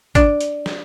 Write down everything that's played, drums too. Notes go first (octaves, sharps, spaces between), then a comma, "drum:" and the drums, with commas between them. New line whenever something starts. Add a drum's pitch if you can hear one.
D4, drum: kick, hi-hat
drum: hi-hat
drum: snare